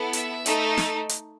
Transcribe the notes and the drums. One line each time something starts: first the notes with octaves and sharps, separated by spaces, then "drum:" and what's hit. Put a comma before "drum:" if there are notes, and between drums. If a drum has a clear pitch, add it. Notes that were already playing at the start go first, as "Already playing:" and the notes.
Already playing: B3 E4 A4
E5, drum: hi-hat
A3 D#4 A4, drum: hi-hat
drum: snare
drum: hi-hat